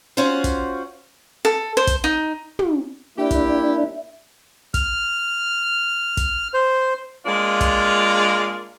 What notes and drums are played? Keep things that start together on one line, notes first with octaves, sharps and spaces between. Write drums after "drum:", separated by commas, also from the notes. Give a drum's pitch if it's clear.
C#4 F4 F#4 C5
drum: kick, hi-hat
A4
C5
drum: kick, hi-hat
D#4
drum: tom
A#3 D4 E4 G4 E5
drum: kick, hi-hat
F6, drum: kick, hi-hat
drum: kick, hi-hat
C5
G#3 A#3 D4 F4
drum: kick, hi-hat